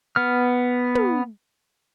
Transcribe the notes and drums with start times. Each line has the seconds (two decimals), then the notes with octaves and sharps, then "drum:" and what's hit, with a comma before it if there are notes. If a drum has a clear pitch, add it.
0.16 B3 F6
0.95 drum: tom